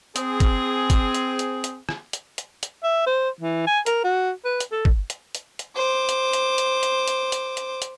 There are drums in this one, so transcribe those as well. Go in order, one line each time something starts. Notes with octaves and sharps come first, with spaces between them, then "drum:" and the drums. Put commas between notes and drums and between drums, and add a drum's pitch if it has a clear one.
C4 G#4, drum: hi-hat
drum: kick, hi-hat
drum: kick, hi-hat
drum: hi-hat
drum: hi-hat
drum: hi-hat
drum: rim click
drum: hi-hat
drum: hi-hat
drum: hi-hat
E5
C5
E3
G#5
A#4, drum: hi-hat
F#4
B4
drum: hi-hat
A4
drum: kick
drum: hi-hat
drum: hi-hat
drum: hi-hat
C5 D6
drum: hi-hat
drum: hi-hat
drum: hi-hat
drum: hi-hat
drum: hi-hat
drum: hi-hat
drum: hi-hat
drum: hi-hat